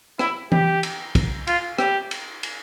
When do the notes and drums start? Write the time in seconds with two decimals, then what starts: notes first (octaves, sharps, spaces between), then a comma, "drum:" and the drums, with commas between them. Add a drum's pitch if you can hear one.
0.19 E4, drum: rim click
0.52 G4, drum: tom E3
0.83 drum: cymbal
1.15 drum: kick, cymbal
1.47 F4, drum: cymbal
1.79 G4, drum: rim click
2.11 drum: cymbal
2.43 drum: cymbal